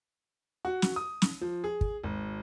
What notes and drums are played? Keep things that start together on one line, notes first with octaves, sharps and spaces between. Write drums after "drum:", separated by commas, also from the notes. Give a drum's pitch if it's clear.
F#4
drum: snare
D#6
drum: snare
F3
G#4
drum: kick
G#1